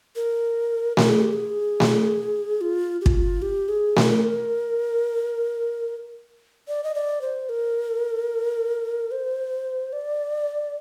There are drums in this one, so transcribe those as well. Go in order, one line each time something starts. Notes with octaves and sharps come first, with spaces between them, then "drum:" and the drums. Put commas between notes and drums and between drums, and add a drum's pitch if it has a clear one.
A#4
A#4, drum: snare A3
G#4
G4
G#4
drum: snare A3
F4
G4
F4, drum: kick
G4
G#4
A#4, drum: snare A3
D5
D#5
D5
C5
A#4
C5
D5